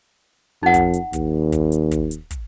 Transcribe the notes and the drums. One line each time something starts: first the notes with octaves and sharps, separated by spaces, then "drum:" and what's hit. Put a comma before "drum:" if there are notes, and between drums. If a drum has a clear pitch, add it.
F2 D#4 F#5
drum: kick, hi-hat
drum: hi-hat
D#2, drum: kick, hi-hat
drum: kick, hi-hat
drum: hi-hat
drum: kick, hi-hat
drum: hi-hat
drum: kick, hi-hat